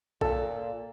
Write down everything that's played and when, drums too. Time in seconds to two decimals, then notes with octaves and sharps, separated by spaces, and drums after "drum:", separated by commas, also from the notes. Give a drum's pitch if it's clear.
0.21 A#2 A4, drum: kick A#1